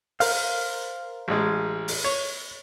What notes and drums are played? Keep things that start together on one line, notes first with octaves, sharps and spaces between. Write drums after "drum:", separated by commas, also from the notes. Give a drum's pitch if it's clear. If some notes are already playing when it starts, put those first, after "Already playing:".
A#4 C5 F5, drum: open hi-hat
A1 G#3
drum: open hi-hat
C#5